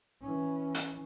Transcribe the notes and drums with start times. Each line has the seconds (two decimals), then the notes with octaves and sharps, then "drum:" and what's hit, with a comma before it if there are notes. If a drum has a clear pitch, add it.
0.21 E3 C#4
0.75 drum: hi-hat